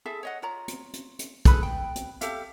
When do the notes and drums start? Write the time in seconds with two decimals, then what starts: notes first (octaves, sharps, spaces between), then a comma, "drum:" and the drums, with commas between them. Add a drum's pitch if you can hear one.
0.06 E4 G#4 A4 E5
0.23 C#5 D#5 F#5
0.42 F4 C#5 A#5
0.68 drum: hi-hat
0.93 drum: hi-hat
1.19 drum: hi-hat
1.45 G#4 A4 B4 B5, drum: kick, hi-hat
1.63 G5
1.96 drum: hi-hat
2.21 G4 A4 E5 F5, drum: hi-hat